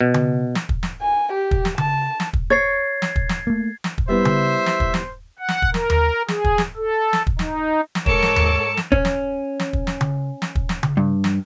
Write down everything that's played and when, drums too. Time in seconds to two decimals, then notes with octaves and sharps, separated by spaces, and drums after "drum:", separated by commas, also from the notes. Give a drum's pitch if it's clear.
0.01 B2
0.14 drum: tom C#3
0.55 drum: snare
0.69 drum: kick
0.83 drum: snare
1.01 G#5
1.33 G4
1.51 drum: kick
1.65 drum: snare
1.78 A5, drum: tom C#3
2.20 drum: snare
2.33 drum: kick
2.50 C#5 G#6 A6 C7
3.02 drum: snare
3.16 drum: kick
3.29 drum: snare
3.47 A3 A#3
3.84 drum: snare
3.98 drum: kick
4.08 G3 B3 E4 C5 E5
4.25 drum: tom C#3
4.66 drum: snare
4.80 drum: kick
4.94 drum: snare
5.39 F#5
5.49 drum: snare
5.62 drum: kick
5.74 A#4, drum: snare
5.90 drum: tom D#2
6.28 G#4, drum: snare
6.44 drum: kick
6.58 drum: snare
6.77 A4
7.13 drum: snare
7.27 drum: kick
7.39 D#4, drum: snare
7.95 drum: snare
8.06 G#2 A4 A#4 C#5 D6 C#7 E7, drum: kick
8.23 drum: snare
8.36 drum: tom D#2
8.77 drum: snare
8.92 C#4, drum: kick
9.05 drum: snare
9.60 drum: snare
9.73 drum: kick
9.87 drum: snare
10.01 drum: tom C#3
10.42 drum: snare
10.55 drum: kick
10.69 drum: snare
10.83 drum: tom C#3
10.97 G2
11.24 drum: snare